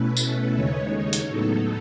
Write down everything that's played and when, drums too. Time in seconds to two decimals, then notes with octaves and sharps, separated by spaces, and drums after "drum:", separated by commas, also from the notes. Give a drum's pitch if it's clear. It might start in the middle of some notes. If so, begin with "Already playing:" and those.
Already playing: B2 A3 C#4 E4 B4
0.17 A4, drum: tambourine
0.54 D#2 C#3 G#3 D#4 C#5
1.13 drum: hi-hat
1.28 A2 F#3 B3 D#4 A4